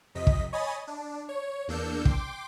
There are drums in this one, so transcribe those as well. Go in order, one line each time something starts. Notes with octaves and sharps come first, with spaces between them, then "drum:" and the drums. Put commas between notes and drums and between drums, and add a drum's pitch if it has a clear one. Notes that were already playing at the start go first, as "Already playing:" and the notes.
F2 C3 D#5 B6
drum: kick
C#5 D#5 G#5 B5 D#6 A6
D4
C#5
E2 A#3 D4 E6 G6 C#7
G5 C6 D6, drum: kick